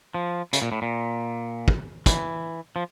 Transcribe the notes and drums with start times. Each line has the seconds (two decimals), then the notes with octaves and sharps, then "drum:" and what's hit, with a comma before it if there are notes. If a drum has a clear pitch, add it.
0.14 F3
0.53 C#3, drum: hi-hat
0.62 A#2
0.72 A2
0.82 A#2
1.68 drum: kick
2.06 E3, drum: kick, hi-hat
2.76 F3